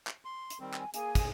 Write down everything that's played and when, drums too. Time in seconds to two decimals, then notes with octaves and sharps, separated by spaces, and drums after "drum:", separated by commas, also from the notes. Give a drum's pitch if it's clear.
0.07 drum: clap
0.25 C6
0.50 drum: hi-hat
0.60 D#3 G3 C4
0.74 G#5, drum: clap
0.94 A#3 G#4 G#5, drum: hi-hat
1.15 drum: kick, hi-hat